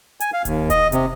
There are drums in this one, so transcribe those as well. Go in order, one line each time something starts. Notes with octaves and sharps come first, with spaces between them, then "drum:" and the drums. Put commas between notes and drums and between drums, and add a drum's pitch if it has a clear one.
G#5, drum: hi-hat
F5
D#2, drum: kick E1, hi-hat
D#5, drum: kick E1, hi-hat
C3, drum: hi-hat